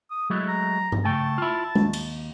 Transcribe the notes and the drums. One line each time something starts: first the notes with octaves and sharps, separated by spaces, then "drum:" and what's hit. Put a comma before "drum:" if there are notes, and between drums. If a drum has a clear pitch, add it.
D#6
F#3 G#3 A3 E4
A#5
drum: tom G2
C#3 A3 G5 A5
E4 F4
D#2, drum: tom G#3
drum: cymbal